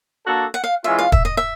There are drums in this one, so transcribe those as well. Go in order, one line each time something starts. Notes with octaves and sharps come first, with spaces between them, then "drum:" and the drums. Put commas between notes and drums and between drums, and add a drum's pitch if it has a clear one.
A#3 D4 F#4 A4
F#5
F5
E3 G#3 C#4 F4 E5
F5
E5, drum: kick
D#5
E5